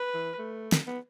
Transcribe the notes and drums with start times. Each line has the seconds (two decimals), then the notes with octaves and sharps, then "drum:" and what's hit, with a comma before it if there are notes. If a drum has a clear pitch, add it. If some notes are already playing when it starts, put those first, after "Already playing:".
Already playing: B4
0.14 E3
0.39 A3
0.72 drum: snare
0.87 B3